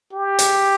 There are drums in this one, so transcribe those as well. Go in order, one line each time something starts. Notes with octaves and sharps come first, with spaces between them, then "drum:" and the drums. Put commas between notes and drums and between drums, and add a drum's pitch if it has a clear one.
G4
drum: hi-hat